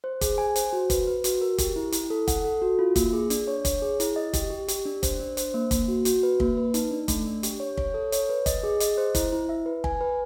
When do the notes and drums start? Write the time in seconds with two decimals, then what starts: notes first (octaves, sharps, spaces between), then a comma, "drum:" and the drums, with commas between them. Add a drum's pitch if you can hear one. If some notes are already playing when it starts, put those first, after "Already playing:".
0.04 C5
0.21 G#4, drum: kick, hi-hat
0.38 G#5
0.56 C5, drum: hi-hat
0.73 F#4
0.90 B4, drum: kick, hi-hat
1.07 B4
1.24 F#4, drum: hi-hat
1.41 A#4
1.58 G4, drum: kick, hi-hat
1.76 E4
1.92 E4, drum: hi-hat
2.10 A4
2.28 F#5, drum: kick, hi-hat
2.44 A4
2.62 F#4
2.79 F4
2.96 A#3, drum: kick, hi-hat
3.13 G#4
3.30 D4, drum: hi-hat
3.48 C#5
3.65 C#5, drum: kick, hi-hat
3.82 G#4
4.00 E4, drum: hi-hat
4.16 D#5
4.33 G4, drum: kick, hi-hat
4.51 G4
4.68 G4, drum: hi-hat
4.86 D4
5.03 C5, drum: kick, hi-hat
5.20 D4
5.37 C5, drum: hi-hat
5.54 A#3
5.71 A#3, drum: kick, hi-hat
5.88 F#4
6.05 F#4, drum: hi-hat
6.23 B4
6.40 A#3, drum: kick
6.57 B4
6.74 D#4, drum: hi-hat
6.91 D4
7.08 A3, drum: kick, hi-hat
7.26 D4
7.43 G4, drum: hi-hat
7.60 C#5
7.77 C#5, drum: kick
7.94 A4
8.12 C#5, drum: hi-hat
8.29 B4
8.46 D#5, drum: kick, hi-hat
8.63 G#4
8.80 D#5, drum: hi-hat
8.98 C5
9.15 E4, drum: kick, hi-hat
9.32 E4
9.49 E5
9.66 B4
9.84 G#5, drum: kick
10.01 B4